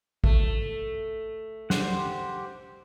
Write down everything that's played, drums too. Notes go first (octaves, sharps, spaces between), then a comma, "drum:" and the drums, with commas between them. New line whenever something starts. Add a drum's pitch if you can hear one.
A3, drum: kick
G4 C5 F#5, drum: snare